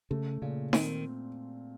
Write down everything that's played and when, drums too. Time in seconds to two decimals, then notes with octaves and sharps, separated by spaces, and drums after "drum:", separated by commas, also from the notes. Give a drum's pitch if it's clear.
0.11 C#3 A3
0.42 A#2 C#3
0.73 D#3 C4, drum: snare D#4